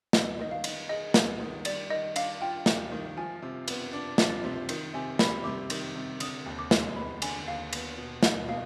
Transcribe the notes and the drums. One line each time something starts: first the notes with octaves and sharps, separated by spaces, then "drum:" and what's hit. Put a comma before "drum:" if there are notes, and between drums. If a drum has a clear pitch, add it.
B3 D#5, drum: snare
D#3 D#5
F5
D#4, drum: cymbal
G#4 D#5
B3, drum: snare
D#3
G3 D5, drum: cymbal
D#3 D#5
D4 F5, drum: cymbal
F4 G5
G3, drum: snare
D#3
F3 G#5
C3
B3, drum: cymbal
D4
F3, drum: snare
C3
D#3, drum: cymbal
C3 G#5
G3 B5, drum: snare
C3 D6
D#3, drum: cymbal
C3
D3 D#6, drum: cymbal
D#2
D6
G#3, drum: snare
B3 B5
D3 G#5, drum: cymbal
D#2 F5
B3, drum: cymbal
B2
D#4, drum: snare
B2 F5